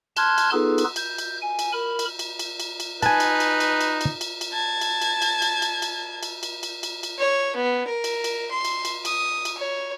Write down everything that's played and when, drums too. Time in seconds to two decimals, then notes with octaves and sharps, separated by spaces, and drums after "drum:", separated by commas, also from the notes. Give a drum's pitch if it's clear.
0.17 A5 C6 F6 F#6 G#6, drum: cymbal
0.38 drum: cymbal
0.52 B3 D#4 F4 G#4 A4 B4
0.78 drum: cymbal
0.96 G6, drum: cymbal
1.18 drum: cymbal
1.42 G#5
1.59 drum: cymbal
1.73 A#4 B5
1.99 drum: cymbal
2.19 drum: cymbal
2.39 drum: cymbal
2.60 drum: cymbal
2.80 drum: cymbal
3.02 D#4 B4 G#5 A5, drum: cymbal
3.20 drum: cymbal
3.40 drum: cymbal
3.60 drum: cymbal
3.81 drum: cymbal
4.01 drum: cymbal
4.21 drum: cymbal
4.41 drum: cymbal
4.53 A5 G#6
4.81 drum: cymbal
5.02 drum: cymbal
5.22 drum: cymbal
5.42 drum: cymbal
5.62 drum: cymbal
5.82 drum: cymbal
6.23 drum: cymbal
6.43 drum: cymbal
6.63 drum: cymbal
6.83 drum: cymbal
7.03 drum: cymbal
7.19 C#5
7.56 B3
7.89 A#4
8.04 drum: cymbal
8.24 drum: cymbal
8.52 C6
8.65 drum: cymbal
8.85 drum: cymbal
9.05 D#6, drum: cymbal
9.45 drum: cymbal
9.58 C#5